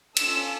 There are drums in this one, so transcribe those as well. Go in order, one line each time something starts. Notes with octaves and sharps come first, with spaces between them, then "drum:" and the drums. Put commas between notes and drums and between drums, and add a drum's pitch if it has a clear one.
C#4 F4 A4 E6, drum: cymbal